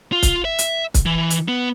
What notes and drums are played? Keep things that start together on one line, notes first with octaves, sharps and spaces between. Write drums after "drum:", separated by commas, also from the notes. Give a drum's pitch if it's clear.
F4
drum: kick, hi-hat
E5
drum: hi-hat
drum: kick, hi-hat
E3
drum: hi-hat
B3